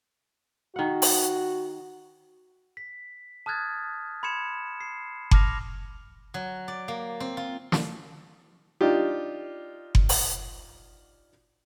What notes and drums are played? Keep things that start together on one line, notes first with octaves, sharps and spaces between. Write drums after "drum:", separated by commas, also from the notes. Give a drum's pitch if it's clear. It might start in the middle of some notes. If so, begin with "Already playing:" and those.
D#3 F#4 F#5
drum: open hi-hat
B6
A5 D#6 F6 F#6 G#6 A6
B5 C6 G#6 C#7 E7
C7
A5 D6 F6 A#6 F7, drum: kick F#1
F#3
D5
A#3
C4
F4
drum: snare
D4 D#4 F4 G4
drum: kick F#1
drum: open hi-hat